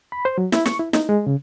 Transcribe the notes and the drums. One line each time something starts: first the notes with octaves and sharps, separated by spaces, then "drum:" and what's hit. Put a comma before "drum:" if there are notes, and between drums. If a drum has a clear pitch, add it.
B5
C5
F#3
E4, drum: snare
C#6, drum: snare
E4
D#4, drum: snare
G#3
C#3